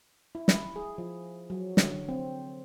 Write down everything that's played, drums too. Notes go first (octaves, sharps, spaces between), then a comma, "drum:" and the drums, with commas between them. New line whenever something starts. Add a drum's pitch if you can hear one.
E4
drum: snare
G#4
F3
F#3
D3, drum: snare
C4